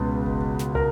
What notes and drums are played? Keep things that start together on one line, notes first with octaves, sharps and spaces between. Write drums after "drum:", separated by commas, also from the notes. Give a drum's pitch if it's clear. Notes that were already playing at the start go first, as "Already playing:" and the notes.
Already playing: C#2 B2 B4
drum: kick G1
drum: snare
A#4, drum: tom